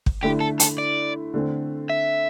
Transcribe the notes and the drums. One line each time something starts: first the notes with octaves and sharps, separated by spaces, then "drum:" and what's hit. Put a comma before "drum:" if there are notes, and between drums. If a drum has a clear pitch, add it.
drum: kick
D3 A3 E4 G4
A4
A4, drum: hi-hat
D5
D3 A3 C4
E5